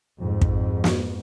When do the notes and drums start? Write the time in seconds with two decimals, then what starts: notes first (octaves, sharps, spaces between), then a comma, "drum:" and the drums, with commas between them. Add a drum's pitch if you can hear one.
0.20 F2 G#2
0.42 drum: kick
0.84 drum: snare